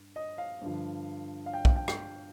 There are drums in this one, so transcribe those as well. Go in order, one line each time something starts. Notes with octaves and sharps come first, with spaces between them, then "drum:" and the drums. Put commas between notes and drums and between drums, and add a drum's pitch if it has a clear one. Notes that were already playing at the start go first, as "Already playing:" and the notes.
Already playing: G2
D#5
F5
G2 D3 F3
F5
G5
F5, drum: kick
G5
G5, drum: rim click